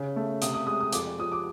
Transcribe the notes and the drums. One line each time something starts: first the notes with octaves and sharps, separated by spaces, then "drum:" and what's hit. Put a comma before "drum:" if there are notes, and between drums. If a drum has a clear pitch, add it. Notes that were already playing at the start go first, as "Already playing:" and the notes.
Already playing: C#3
A3
C3 D#6, drum: hi-hat
D#6
G#3 D#6
D#6
F2 D6, drum: hi-hat
F3 D#6
D6